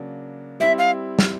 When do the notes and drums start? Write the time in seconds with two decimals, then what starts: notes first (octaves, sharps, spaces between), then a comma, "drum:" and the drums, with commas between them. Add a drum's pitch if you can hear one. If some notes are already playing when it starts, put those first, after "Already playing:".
Already playing: C#3 F#3 A#3 D4
0.60 G3 C4 E4 E5
0.78 F5
1.19 drum: snare